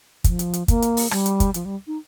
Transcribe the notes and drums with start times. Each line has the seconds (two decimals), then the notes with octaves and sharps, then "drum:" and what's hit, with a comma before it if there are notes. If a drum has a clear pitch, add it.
0.24 F3, drum: kick, hi-hat
0.39 drum: hi-hat
0.53 drum: hi-hat
0.68 A#3, drum: kick, hi-hat
0.82 drum: hi-hat
0.97 drum: open hi-hat
1.11 G3, drum: rim click
1.26 drum: hi-hat
1.40 drum: kick, hi-hat
1.54 F3, drum: hi-hat
1.65 G3
1.87 D#4